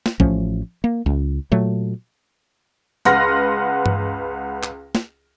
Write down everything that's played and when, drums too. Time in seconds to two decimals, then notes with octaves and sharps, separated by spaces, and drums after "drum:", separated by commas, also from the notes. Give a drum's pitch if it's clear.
0.06 drum: snare
0.20 A1 F3 A3 C#4, drum: kick A#1
0.84 A#3
1.06 C#2
1.52 A#2 F#3 A3
3.05 C#2 B4 F#5 C6 F6 A#6, drum: hi-hat
3.86 drum: tom G2
4.63 drum: clap
4.95 drum: snare